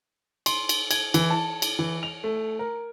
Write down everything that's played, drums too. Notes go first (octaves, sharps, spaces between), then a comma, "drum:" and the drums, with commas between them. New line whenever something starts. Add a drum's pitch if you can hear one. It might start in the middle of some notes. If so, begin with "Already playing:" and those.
C6, drum: cymbal
drum: cymbal
G#6, drum: cymbal
E3, drum: cymbal
A5
drum: cymbal
E3
F7
A3
A#4